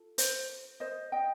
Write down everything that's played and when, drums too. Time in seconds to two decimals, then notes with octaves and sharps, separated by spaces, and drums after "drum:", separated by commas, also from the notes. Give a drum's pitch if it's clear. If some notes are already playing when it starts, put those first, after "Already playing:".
Already playing: F4 A4
0.18 C5, drum: hi-hat
0.80 C5 D#5
1.12 D#5 G5